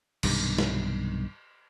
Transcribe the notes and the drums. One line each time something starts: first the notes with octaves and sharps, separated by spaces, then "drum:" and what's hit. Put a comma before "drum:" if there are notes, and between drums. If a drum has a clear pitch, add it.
B1 G2 C3 D#3, drum: cymbal
drum: snare